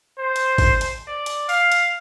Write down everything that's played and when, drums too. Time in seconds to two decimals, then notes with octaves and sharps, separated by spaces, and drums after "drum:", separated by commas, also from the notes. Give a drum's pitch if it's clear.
0.18 C5
0.36 drum: hi-hat
0.58 drum: kick, open hi-hat
0.81 drum: hi-hat
1.08 D5
1.26 drum: hi-hat
1.49 F5, drum: open hi-hat
1.72 drum: hi-hat